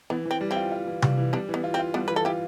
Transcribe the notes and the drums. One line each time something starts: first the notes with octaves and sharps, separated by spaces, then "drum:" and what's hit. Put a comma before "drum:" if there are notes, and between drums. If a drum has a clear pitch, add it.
E3 B3
E3
C4
G3
C4 E4
F4
F4
E3
G3, drum: tom C3
E3
G3 B3 D4
E3
B3
F4
C4
F4
G3 B3 D4
E3 B4
A4
E4 F4 G4